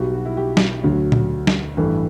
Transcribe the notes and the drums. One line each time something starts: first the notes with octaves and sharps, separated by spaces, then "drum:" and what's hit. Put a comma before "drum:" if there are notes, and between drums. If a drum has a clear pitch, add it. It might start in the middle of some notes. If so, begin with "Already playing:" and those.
Already playing: B1 B2 G3
F#4
E4
G4
drum: snare
D2 D3 F#3
drum: tom A#2
drum: snare
A1 G2 E3 A4